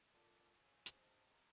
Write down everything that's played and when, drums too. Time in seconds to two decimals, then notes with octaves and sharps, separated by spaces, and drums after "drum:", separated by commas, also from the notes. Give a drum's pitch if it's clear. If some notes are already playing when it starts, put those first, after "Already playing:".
0.14 F4 A4 A#4 D5 A5 D6
0.44 G#5 C#6
0.61 C#5 G#5 E6
0.86 G#4 C5, drum: hi-hat
1.02 G#4 D#5 A5 A#5 F6
1.32 A#5 D6 G#6